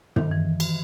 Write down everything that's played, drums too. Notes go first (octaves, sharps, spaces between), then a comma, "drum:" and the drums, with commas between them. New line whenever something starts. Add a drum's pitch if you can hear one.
D#3, drum: tom
E3
drum: cymbal